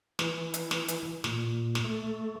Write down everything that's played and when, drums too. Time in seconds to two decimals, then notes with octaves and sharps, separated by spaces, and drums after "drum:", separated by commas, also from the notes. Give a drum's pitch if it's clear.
0.19 E3, drum: snare
0.54 drum: hi-hat
0.71 drum: snare
0.88 drum: hi-hat
1.24 A#2, drum: snare
1.75 drum: snare
1.84 A3